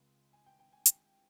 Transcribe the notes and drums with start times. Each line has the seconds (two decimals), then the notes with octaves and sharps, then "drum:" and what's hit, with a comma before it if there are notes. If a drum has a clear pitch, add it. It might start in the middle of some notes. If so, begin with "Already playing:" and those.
Already playing: C#2 C#3 G#3 C4
0.33 G#5
0.46 G5
0.59 G5
0.73 G#5
0.86 G5, drum: hi-hat